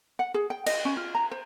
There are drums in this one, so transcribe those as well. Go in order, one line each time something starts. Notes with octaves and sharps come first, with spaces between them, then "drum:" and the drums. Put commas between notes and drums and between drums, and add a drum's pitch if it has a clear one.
F#5
G#4
G5
D#5, drum: cymbal
C#4
F4
A#5
C5